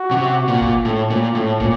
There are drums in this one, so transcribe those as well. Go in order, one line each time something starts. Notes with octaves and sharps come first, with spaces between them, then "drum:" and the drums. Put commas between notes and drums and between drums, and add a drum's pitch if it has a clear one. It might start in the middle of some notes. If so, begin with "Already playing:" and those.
Already playing: F#4
C3
A#2
drum: kick
A2
A#2
A2
A#2, drum: kick